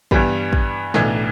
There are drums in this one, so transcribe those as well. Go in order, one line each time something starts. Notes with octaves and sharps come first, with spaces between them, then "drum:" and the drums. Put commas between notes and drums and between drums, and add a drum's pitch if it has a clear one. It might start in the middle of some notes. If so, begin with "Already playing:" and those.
G2 E3 G3 B3, drum: kick
drum: kick
B1 A2 E3 B3 D4, drum: snare